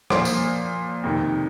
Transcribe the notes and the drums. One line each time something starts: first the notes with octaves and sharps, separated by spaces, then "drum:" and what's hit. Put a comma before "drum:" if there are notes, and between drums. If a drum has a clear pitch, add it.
A#2 F3 C5, drum: rim click
drum: tambourine
F2 C3 D#3